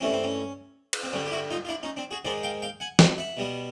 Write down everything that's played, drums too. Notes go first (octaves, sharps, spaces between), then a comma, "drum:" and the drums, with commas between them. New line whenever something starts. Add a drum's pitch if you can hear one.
G2 E3 A3 C4 C#4
C4
C#4
drum: cymbal
C4
G2 D3 G3 C#4
G4
E4 F#4
D#4 F4
F4
D4 E4
C#4 D#4
C4 D4
F#4 G#4
G#2 D#3 G#3 C5 D5
F5 G5
F5 G5
F#5 G#5
F5 G5, drum: snare
E5 F#5
B2 G3 B3